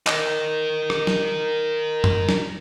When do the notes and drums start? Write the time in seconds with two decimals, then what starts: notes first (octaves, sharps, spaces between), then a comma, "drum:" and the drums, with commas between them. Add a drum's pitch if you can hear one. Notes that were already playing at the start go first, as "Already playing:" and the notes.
0.07 A#4 D#5, drum: clap
0.90 drum: rim click
1.07 drum: snare
2.04 drum: tom F#2
2.29 drum: snare